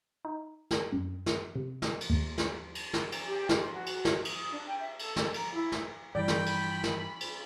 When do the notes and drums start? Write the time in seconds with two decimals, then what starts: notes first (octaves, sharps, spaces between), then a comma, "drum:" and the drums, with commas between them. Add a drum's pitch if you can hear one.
0.25 D#4
0.71 drum: snare
0.92 F#2
1.26 drum: snare
1.56 C3
1.82 drum: snare
2.01 drum: cymbal
2.10 D#2
2.38 drum: snare
2.75 drum: cymbal
2.93 drum: snare
3.12 drum: cymbal
3.23 G4
3.49 drum: snare
3.60 C6
3.73 F#4
3.86 drum: cymbal
4.05 drum: snare
4.25 D#6, drum: cymbal
4.52 D4
4.68 G5
4.80 E5
4.99 A4, drum: cymbal
5.16 drum: snare
5.34 A#5, drum: cymbal
5.53 E4
5.72 drum: snare
6.15 G2 E3 D5 G5 B5
6.28 drum: snare
6.46 drum: cymbal
6.83 drum: snare
7.21 drum: cymbal